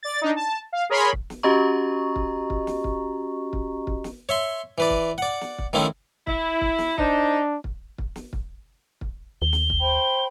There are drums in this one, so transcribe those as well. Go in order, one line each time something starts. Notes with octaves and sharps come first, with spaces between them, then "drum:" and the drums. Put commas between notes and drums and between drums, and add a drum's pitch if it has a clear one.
D5 A6
D4 D#4
A5
F5
G#4 A#4 C#5 B5 C6
drum: kick
drum: snare
C#4 F#4 G4 D#5 A#5 C#6
drum: kick
drum: kick
drum: snare
drum: kick
drum: kick
drum: kick
drum: snare
C#5 E5 C6
E3 B4 D5
drum: kick
D5 F#5
drum: snare
drum: kick
D#3 F3 A3 C4 C#4 E4
E4, drum: kick
drum: kick
drum: snare
D4 D#4 C5, drum: kick
drum: kick
drum: kick
drum: snare
drum: kick
drum: kick
D#2 G7
drum: snare
drum: kick
C5 G5 B5